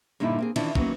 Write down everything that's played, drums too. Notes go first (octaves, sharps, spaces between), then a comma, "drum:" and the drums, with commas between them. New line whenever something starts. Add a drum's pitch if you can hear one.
G2 A#2 D3 D#4 E4
A#3 C4 G#4
D#3 E3 C#4 D4 E4 F4, drum: cymbal
D#3 E3 F#3 A#3 B3 C#4, drum: kick